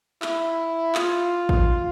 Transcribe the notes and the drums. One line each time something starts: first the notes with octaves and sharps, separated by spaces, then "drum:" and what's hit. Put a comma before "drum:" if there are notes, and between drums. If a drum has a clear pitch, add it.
E4, drum: clap
F4, drum: clap
drum: kick